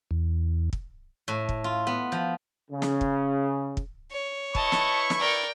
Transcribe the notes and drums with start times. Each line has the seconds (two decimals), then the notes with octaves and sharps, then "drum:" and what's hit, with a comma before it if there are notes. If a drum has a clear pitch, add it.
0.11 E2
0.73 drum: kick
1.28 A2
1.49 drum: kick
1.64 F4
1.87 B3
2.12 F3
2.70 C#3
2.82 drum: snare
3.01 drum: kick
3.77 drum: kick
4.11 C#5
4.55 E4 B4 D#5 A5 C#6, drum: kick
4.72 drum: snare
5.10 drum: snare
5.20 A#4 D5 G5